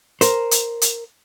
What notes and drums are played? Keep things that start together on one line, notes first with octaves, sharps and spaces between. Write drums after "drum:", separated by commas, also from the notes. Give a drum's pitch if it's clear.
A#4 C5, drum: hi-hat
drum: hi-hat
drum: hi-hat